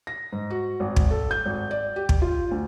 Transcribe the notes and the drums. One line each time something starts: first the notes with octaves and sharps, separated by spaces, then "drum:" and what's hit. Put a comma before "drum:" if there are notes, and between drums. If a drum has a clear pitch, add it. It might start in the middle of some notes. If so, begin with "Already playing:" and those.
A#6
G#2
F#4
G#1
drum: kick
A4
G6
G#1
D5
G4
drum: kick
F4
D2